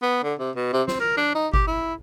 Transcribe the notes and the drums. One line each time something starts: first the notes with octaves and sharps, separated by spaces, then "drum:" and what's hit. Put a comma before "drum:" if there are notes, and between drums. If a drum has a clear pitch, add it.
B3
D3
C3
B2
C3
C4, drum: snare
A#4
D4
D#4
G4, drum: kick G1
E4